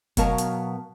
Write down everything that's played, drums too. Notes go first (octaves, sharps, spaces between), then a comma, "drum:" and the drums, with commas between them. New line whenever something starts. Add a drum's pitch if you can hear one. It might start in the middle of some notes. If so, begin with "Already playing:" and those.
B2 F#3 B3 A#4 F5 A5, drum: kick F1, hi-hat
drum: hi-hat